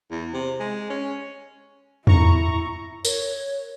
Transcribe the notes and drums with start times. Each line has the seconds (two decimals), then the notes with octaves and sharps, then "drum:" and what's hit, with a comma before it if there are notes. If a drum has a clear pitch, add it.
0.11 E2
0.34 C3
0.60 G#3
0.90 C#4
2.07 E4 A#5 C#6, drum: tom E2
3.05 A#4 C#5, drum: tambourine